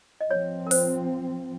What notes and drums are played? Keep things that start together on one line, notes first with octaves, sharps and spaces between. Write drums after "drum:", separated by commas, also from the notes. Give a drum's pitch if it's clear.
D#5
F3 C4 C#5
A#4
C5, drum: open hi-hat